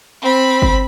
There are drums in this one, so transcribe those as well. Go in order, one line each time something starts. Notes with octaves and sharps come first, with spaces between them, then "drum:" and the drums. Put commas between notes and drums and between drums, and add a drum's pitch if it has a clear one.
C4 B5
drum: kick G1